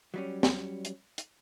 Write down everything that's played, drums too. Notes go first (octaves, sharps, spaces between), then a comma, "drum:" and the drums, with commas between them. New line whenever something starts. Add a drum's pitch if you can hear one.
F#3 G3 C#4
drum: snare
drum: hi-hat
drum: hi-hat